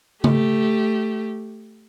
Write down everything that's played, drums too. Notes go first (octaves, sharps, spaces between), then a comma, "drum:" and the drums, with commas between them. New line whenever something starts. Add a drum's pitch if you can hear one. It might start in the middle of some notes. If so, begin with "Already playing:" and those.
A3 G4, drum: tom C#3